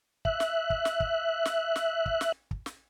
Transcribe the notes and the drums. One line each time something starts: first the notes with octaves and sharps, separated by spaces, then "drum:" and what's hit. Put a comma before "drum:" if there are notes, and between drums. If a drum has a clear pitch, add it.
E5 F#6, drum: kick
drum: snare
drum: kick
drum: snare
drum: kick
drum: snare
drum: snare
drum: kick
drum: snare
drum: kick
drum: snare